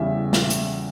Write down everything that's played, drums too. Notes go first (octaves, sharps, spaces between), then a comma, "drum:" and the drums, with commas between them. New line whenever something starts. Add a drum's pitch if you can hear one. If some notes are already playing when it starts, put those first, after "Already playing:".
Already playing: E2 C#3 E3 G3 E5
drum: snare
drum: hi-hat